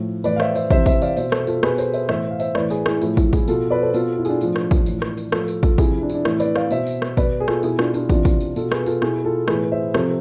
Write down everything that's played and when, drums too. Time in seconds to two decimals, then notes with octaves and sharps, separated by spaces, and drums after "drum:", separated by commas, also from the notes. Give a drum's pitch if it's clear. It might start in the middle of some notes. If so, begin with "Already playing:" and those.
Already playing: A2 F3
0.24 A2 E3 B4 D5, drum: tambourine
0.36 F5
0.40 C5 E5, drum: rim click
0.55 C5 E5, drum: tambourine
0.71 C3 E3 C5 E5, drum: kick, tambourine
0.86 C5 E5, drum: kick, tambourine
1.02 D5 F5, drum: tambourine
1.16 B2 C5 E5, drum: tambourine
1.32 A4 C5, drum: rim click
1.47 F4 A4, drum: tambourine
1.63 B2 G#4 B4, drum: rim click
1.78 A4 C5, drum: tambourine
1.93 C5 E5, drum: tambourine
2.09 A2 E3 C5 E5, drum: rim click
2.31 F5
2.40 C5 E5, drum: tambourine
2.55 A2 E3 B4 D5, drum: rim click
2.70 G#4 B4, drum: tambourine
2.86 E4 G#4, drum: rim click
3.01 A2 F3 E4, drum: tambourine
3.17 E4, drum: kick, tambourine
3.33 E4 G#4, drum: kick, tambourine
3.48 B2 F4 A4, drum: tambourine
3.70 B4 D5
3.82 A4 C5
3.94 B2 F4 A4, drum: tambourine
4.18 E4
4.25 G#4, drum: tambourine
4.28 D4 F4
4.41 A2 F3, drum: tambourine
4.56 drum: rim click
4.71 drum: kick, tambourine
4.86 A2 E3, drum: tambourine
5.02 drum: rim click
5.17 drum: tambourine
5.32 A2 F3 F4 A4, drum: rim click
5.48 drum: tambourine
5.63 F4 A4, drum: kick, tambourine
5.78 C3 F3 E4 G#4, drum: kick, tambourine
5.91 E4
6.02 D4
6.10 E4, drum: tambourine
6.14 D4
6.25 A2 E3 E4, drum: rim click
6.40 B4 D5, drum: tambourine
6.56 D5 F5, drum: rim click
6.71 B2 C5 E5, drum: tambourine
6.87 drum: tambourine
7.02 drum: rim click
7.17 B2 B4 D5, drum: kick, tambourine
7.40 G#4
7.48 F4 A4, drum: rim click
7.63 B2 E4 G#4, drum: tambourine
7.79 D4 F4, drum: rim click
7.94 D4 F4, drum: tambourine
8.10 C3 E3 D4 F4, drum: kick, tambourine
8.25 drum: kick, tambourine
8.41 drum: tambourine
8.56 B2 F4 A4, drum: tambourine
8.72 G#4 B4, drum: rim click
8.86 F4 A4, drum: tambourine
9.02 B2 E4 G#4, drum: rim click
9.25 F4 A4
9.48 A2 E3 G#4 B4, drum: rim click
9.72 C5 E5
9.94 C3 F3 A4 C5, drum: rim click